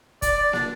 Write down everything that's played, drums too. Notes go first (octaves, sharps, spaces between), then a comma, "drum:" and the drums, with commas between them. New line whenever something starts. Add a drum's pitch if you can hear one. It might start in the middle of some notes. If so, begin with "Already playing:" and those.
D5, drum: kick, hi-hat
D5
D4, drum: snare